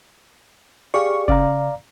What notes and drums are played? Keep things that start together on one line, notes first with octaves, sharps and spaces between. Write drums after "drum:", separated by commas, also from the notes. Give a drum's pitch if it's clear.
G4 G#4 D5 F5 C#6
C#3 D5 F5 A#5, drum: kick